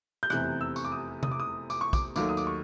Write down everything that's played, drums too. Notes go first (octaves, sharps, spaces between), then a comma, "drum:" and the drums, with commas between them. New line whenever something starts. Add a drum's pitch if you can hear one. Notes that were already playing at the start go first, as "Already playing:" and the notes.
G6
F1 E2 C3 F#6, drum: rim click
E6
C#6, drum: tambourine
D6
D#6
D#6, drum: tom C3
D6
D#6
D6, drum: tambourine
C#6
D6, drum: kick, tambourine
D#2 D#3 F#3 A3 D6, drum: tambourine
D#6
D6, drum: tambourine
C#6